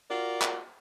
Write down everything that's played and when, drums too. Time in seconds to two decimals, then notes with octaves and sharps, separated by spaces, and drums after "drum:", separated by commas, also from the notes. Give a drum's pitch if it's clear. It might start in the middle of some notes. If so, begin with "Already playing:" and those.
0.09 F4 F#4 A#4 D5
0.42 drum: clap